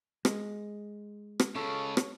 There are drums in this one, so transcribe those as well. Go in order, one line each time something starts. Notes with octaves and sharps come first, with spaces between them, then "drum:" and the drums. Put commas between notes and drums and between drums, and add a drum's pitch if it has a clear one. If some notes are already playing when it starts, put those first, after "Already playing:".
G#3, drum: rim click
drum: rim click
C#2 C#3 A4 C#5
drum: rim click